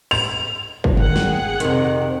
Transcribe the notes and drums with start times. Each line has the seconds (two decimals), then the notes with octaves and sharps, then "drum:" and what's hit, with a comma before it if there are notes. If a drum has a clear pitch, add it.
0.11 F7, drum: cymbal
0.84 drum: kick
0.97 D#3 G#4 F#5, drum: tom F#2
1.16 drum: snare
1.60 F2 C3 D#3, drum: hi-hat